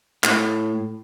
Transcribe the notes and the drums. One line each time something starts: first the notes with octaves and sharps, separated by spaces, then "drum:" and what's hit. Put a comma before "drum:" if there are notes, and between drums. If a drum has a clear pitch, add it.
A2, drum: clap